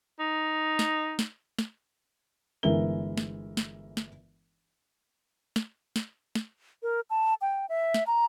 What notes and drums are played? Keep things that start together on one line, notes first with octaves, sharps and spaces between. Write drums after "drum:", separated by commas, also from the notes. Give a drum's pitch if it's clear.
D#4
drum: snare
drum: snare
drum: snare
G1 E3 G#3 A#4 E5 G7
drum: snare
drum: snare
drum: snare
drum: snare
drum: snare
drum: snare
A#4
A5
G5
E5
drum: snare
A#5